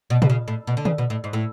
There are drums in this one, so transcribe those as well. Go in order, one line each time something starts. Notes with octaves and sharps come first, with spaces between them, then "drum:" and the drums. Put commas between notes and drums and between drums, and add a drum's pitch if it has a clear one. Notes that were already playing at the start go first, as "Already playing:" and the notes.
B2
B2, drum: tom
C#3
A2
B2
D3
C#3, drum: tom
B2
A2
G#2
A2